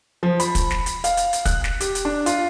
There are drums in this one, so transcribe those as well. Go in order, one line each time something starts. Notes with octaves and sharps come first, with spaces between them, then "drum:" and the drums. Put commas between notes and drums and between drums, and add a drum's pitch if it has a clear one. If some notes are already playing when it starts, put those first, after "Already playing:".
F3
B5, drum: hi-hat
drum: kick, hi-hat
drum: snare
drum: hi-hat
F5, drum: hi-hat
drum: hi-hat
drum: hi-hat
F#6, drum: kick, hi-hat
drum: snare
G4, drum: hi-hat
drum: hi-hat
D4
F4, drum: hi-hat